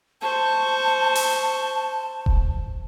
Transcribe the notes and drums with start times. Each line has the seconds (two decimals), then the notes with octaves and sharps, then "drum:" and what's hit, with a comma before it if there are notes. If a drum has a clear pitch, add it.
0.22 C5 A5 C#6
1.15 drum: open hi-hat
2.26 drum: kick D#1